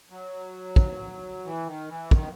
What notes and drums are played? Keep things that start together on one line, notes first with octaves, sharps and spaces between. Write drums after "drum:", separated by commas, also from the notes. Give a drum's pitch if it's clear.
F#3
drum: kick
E3
D#3
E3
D#3, drum: kick